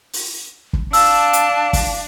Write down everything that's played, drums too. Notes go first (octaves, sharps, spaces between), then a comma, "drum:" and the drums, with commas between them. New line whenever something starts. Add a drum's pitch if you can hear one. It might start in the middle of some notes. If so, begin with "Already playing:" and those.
drum: open hi-hat
drum: kick
D4 F5 A5 E6, drum: open hi-hat
drum: hi-hat
drum: kick, open hi-hat